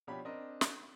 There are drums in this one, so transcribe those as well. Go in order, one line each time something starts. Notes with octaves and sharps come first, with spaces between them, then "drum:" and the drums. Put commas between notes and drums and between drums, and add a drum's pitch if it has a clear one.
B2 F3 D4 G4 C#5 B5
C4 D4 A#4 D#5
drum: snare